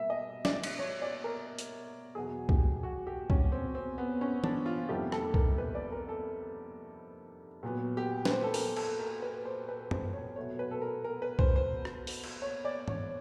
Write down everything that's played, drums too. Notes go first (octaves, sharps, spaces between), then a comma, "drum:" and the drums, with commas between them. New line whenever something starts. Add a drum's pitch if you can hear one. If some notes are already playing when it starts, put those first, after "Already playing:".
Already playing: B2 G3 A#3 E5
D#5
D5, drum: snare
drum: cymbal
C#5
D5
A#4
drum: hi-hat
E2 B2 F#3 B3 G#4
G4, drum: kick C2
F#4
G4
C#4, drum: kick C2
C4
C4
B3
C#4
D4, drum: tom
F4
F2 C3 D#3 G3 A#3 G4
A4, drum: rim click
A#4, drum: kick C2
B4
D5
A#4
A4
A#2 F#3 B3
G4
B4, drum: snare
C5
A4
A#4, drum: open hi-hat
A4, drum: cymbal
A#4
B4
C5
B4
C5, drum: tom
C#5
B2 F#3 A3 C#5
B4
A4
A#4
A#4
B4
C5, drum: kick C2
C5
drum: rim click
drum: open hi-hat
drum: cymbal
C#5
D5
C#5, drum: tom